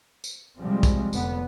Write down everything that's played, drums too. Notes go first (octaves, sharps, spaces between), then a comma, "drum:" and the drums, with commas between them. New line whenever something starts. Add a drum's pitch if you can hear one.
drum: tambourine
C3 F3 G3 G#3 C4
drum: kick, tambourine
F1 F2 D3 B3, drum: tambourine